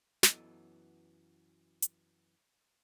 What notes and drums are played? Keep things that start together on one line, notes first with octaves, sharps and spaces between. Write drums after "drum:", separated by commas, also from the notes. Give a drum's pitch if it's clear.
F#2 E3 F#3 B3 A4 D#5, drum: snare
drum: hi-hat